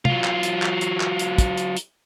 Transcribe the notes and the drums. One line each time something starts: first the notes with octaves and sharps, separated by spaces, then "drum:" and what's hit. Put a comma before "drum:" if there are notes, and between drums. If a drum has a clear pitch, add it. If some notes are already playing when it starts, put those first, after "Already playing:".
F#3 F4, drum: tom
drum: clap
drum: hi-hat
drum: clap
drum: hi-hat
drum: clap
drum: hi-hat
drum: kick, hi-hat
drum: hi-hat
drum: hi-hat